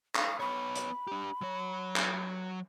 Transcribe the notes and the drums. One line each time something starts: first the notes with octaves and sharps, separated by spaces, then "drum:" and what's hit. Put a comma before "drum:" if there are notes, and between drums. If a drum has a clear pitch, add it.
F5, drum: clap
B3 C#5 B5
drum: hi-hat
D4 G4
F#3 C#5
drum: clap